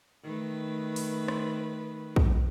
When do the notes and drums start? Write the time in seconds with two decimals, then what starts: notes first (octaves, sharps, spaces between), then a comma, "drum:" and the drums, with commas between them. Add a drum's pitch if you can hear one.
0.23 D#3 A3 B4
0.96 drum: open hi-hat
1.28 drum: rim click
2.16 drum: kick